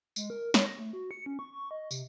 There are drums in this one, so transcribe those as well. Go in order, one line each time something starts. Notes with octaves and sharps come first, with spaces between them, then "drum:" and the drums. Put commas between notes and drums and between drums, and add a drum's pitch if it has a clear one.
G#3, drum: tambourine
A#4
C#5, drum: snare
A#6
A3
F#4
C#7
C#4
C#6
C#6
D#5
C3, drum: tambourine